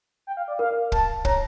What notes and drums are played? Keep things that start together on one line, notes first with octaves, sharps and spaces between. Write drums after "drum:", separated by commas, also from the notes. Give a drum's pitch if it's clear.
G5
F5
D5
A#4 F5
A5, drum: kick
C#5 A#5, drum: kick